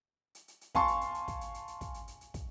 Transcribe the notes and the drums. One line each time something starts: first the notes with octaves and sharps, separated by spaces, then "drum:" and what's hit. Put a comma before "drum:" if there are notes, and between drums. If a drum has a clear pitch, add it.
drum: hi-hat
drum: hi-hat
drum: hi-hat
F5 G#5 A5 C6 C#6, drum: kick, hi-hat
drum: hi-hat
drum: hi-hat
drum: hi-hat
drum: kick, hi-hat
drum: hi-hat
drum: hi-hat
drum: hi-hat
drum: kick, hi-hat
drum: hi-hat
drum: hi-hat
drum: hi-hat
drum: kick, hi-hat